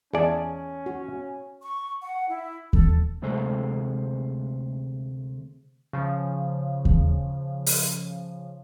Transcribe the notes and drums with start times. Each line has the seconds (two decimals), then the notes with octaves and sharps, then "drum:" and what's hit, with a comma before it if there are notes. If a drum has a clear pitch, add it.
0.13 E2 C#4 G#4 D5 G#5 A5
0.86 F#4
1.62 C#6
2.02 F#5
2.28 E4
2.73 A4, drum: kick D#2
3.22 D2 C3 G#3 A3 C5
5.93 C#3 F3
6.85 drum: kick D#2
7.66 drum: open hi-hat